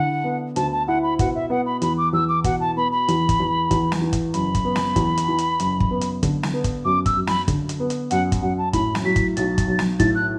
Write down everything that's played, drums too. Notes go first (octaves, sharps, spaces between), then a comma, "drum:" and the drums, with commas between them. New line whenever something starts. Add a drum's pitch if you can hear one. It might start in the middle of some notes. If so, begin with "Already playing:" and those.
Already playing: D3 E4 F#5
B3
D2 A5, drum: hi-hat
A5
E4 F#5
B5
B2 F#5, drum: kick, hi-hat
E5
B3 F#5
B5
E2 B5, drum: hi-hat
D6
E2 E6
D6
B2 F#5, drum: kick, hi-hat
A5
B3 B5
B5
E2, drum: hi-hat
drum: kick, hi-hat
E2
E2, drum: kick, hi-hat
drum: snare
E3
drum: kick, hi-hat
F#1 B5, drum: hi-hat
drum: kick, hi-hat
B3
drum: snare
E2, drum: kick, hi-hat
drum: hi-hat
E3
drum: hi-hat
F#1, drum: hi-hat
drum: kick
B3
drum: hi-hat
D3, drum: kick, hi-hat
drum: snare
B3
drum: kick, hi-hat
F#2 D6
E6, drum: kick, hi-hat
F#2
B5, drum: snare
D3, drum: kick, hi-hat
drum: hi-hat
B3
drum: hi-hat
F#2 F#5, drum: hi-hat
drum: kick, hi-hat
F#2 F#5
A5
A2 B5, drum: kick, hi-hat
drum: snare
F#3 B6
drum: kick, hi-hat
B1 A6, drum: hi-hat
drum: kick, hi-hat
B1
drum: snare
A2 A6, drum: kick, hi-hat
F#6